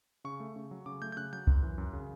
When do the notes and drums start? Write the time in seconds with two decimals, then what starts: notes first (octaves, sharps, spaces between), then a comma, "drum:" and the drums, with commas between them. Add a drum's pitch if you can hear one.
0.24 C#3 C#6
0.40 A3
0.56 C#3
0.71 F#3
0.86 C#3 D6
1.02 A3 G6
1.12 G6
1.17 C#3 F#6
1.33 F#3 G6
1.47 F#2, drum: kick C2
1.63 E3
1.78 F#2
1.93 C#3